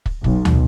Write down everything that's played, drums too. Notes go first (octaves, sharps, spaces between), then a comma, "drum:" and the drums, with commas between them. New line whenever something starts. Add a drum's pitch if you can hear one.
drum: kick
B1, drum: kick
drum: tom